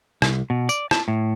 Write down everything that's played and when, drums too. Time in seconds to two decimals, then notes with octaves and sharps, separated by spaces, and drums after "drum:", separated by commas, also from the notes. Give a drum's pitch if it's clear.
0.22 C2, drum: rim click
0.50 B2
0.69 D5, drum: tambourine
0.91 A5, drum: rim click
1.08 A2